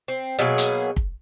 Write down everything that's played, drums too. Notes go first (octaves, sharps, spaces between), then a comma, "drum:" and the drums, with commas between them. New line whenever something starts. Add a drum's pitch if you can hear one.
C4
B2 F#3 A#3 G#4
drum: hi-hat
drum: kick